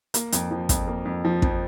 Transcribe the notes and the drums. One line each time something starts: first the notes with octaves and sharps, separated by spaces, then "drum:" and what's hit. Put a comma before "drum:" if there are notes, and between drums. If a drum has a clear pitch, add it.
A#3, drum: hi-hat
F2, drum: hi-hat
F3
F2, drum: kick, hi-hat
A#3
F2
F3
F2, drum: kick